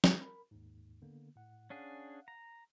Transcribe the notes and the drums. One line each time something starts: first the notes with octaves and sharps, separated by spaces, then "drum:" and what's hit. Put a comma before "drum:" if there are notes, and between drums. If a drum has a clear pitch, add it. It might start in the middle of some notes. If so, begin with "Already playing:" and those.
drum: snare
A#4 B5
D#2 G#2
D3 A#3 B3
A2 F#5
C#4 D4 G#4 F5 F#5
A#5